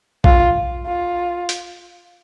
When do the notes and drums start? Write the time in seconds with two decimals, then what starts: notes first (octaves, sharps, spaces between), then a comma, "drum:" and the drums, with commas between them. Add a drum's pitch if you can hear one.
0.24 F4, drum: kick A#1
0.86 F4
1.49 drum: hi-hat